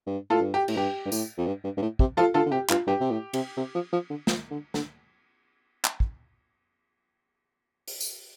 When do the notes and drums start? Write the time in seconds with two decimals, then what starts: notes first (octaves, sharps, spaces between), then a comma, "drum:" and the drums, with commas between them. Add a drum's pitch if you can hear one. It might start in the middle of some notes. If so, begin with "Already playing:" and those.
0.07 G2
0.30 A2 F4 A4
0.41 G2
0.54 G4
0.68 A2, drum: cymbal
0.77 G2 G4
1.05 G2
1.12 A2, drum: tambourine
1.38 F2
1.47 G2
1.64 G2
1.77 G2
1.82 A2
1.99 C3, drum: kick
2.17 F3 F4 A4
2.34 D3 F4 A4
2.46 D3
2.52 C3 G4
2.69 G2 F4, drum: clap
2.87 G2 G4
3.00 C3
3.11 A2
3.33 C3, drum: cymbal
3.57 C3
3.74 F3
3.92 F3
4.10 D3
4.27 F3, drum: snare
4.50 D3
4.74 D3, drum: snare
5.85 drum: clap
6.00 drum: kick
7.87 drum: open hi-hat
8.01 drum: tambourine